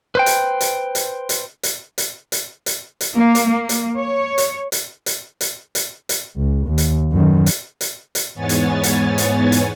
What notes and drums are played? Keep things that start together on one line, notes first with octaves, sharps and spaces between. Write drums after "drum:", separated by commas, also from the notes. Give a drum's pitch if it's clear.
B4 C5 G5
drum: hi-hat
drum: hi-hat
drum: hi-hat
drum: hi-hat
drum: hi-hat
drum: hi-hat
drum: hi-hat
drum: hi-hat
drum: hi-hat
A#3
drum: hi-hat
A#3
drum: hi-hat
C#5
drum: hi-hat
drum: hi-hat
drum: hi-hat
drum: hi-hat
drum: hi-hat
drum: hi-hat
C#2
D#2
drum: hi-hat
F#2 D#3
drum: hi-hat
drum: hi-hat
drum: hi-hat
E2 G#2 B3 C#5 G#5 A6
drum: hi-hat
drum: hi-hat
drum: hi-hat
drum: hi-hat